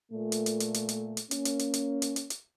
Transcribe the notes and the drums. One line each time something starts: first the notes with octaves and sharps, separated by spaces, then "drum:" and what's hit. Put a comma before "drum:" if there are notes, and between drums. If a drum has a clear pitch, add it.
A#2 A3
drum: hi-hat
drum: hi-hat
drum: hi-hat
drum: hi-hat
drum: hi-hat
drum: hi-hat
A#3 C#4, drum: hi-hat
drum: hi-hat
drum: hi-hat
drum: hi-hat
drum: hi-hat
drum: hi-hat
drum: hi-hat